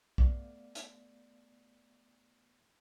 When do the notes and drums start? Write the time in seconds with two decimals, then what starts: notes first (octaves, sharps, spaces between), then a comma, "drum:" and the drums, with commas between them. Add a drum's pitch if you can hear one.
0.18 A3 B3 D5 F5, drum: kick
0.75 drum: hi-hat